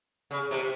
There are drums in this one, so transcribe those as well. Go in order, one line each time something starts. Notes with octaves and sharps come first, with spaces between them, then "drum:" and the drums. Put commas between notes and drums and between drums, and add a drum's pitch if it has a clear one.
C#3
C3, drum: hi-hat